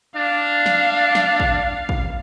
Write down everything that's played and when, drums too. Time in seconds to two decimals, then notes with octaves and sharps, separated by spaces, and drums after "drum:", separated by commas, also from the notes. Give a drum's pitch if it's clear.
0.17 D4 F5
0.66 drum: snare
1.15 drum: snare
1.40 drum: kick
1.89 drum: kick